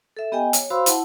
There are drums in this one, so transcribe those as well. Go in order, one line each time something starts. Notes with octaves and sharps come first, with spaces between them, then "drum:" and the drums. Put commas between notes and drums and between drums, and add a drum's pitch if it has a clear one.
A4 E5
B3 G4 D#5 G5 G#5
C#5, drum: hi-hat
F#4 C5 F5 B5 C6 E6
E4 F#5 A5, drum: hi-hat